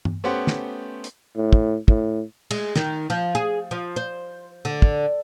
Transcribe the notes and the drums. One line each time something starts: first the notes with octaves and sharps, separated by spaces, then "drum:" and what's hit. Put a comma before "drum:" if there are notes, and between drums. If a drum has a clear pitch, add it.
drum: tom G2
A3 B3 C#4 G4 C5 F#5
drum: snare
drum: hi-hat
A2
drum: kick
A2, drum: kick
G#3, drum: cymbal
D#3, drum: snare
F3
G#4
F3
C5
D3
drum: kick